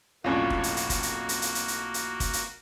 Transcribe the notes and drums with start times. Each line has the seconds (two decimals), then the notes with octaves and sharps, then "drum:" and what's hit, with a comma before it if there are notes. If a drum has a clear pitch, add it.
0.24 B1 F2 A2 A#3 C#4 F4 F#4
0.50 drum: kick
0.63 drum: hi-hat
0.77 drum: hi-hat
0.90 drum: kick, hi-hat
1.03 drum: hi-hat
1.29 drum: hi-hat
1.42 drum: hi-hat
1.55 drum: hi-hat
1.68 drum: hi-hat
1.94 drum: hi-hat
2.20 drum: kick, hi-hat
2.33 drum: hi-hat